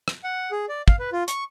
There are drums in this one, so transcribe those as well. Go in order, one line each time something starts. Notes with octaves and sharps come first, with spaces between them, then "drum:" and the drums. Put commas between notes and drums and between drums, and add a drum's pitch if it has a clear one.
drum: rim click
F#5
G#4
D5
F5, drum: kick
B4
F4
C#6, drum: hi-hat